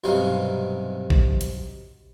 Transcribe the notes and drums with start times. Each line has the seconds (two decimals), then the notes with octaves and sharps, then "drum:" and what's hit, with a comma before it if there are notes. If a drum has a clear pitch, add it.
0.04 B1 G2 C3 C#4 D#4 F5
1.10 drum: kick A#1
1.41 drum: hi-hat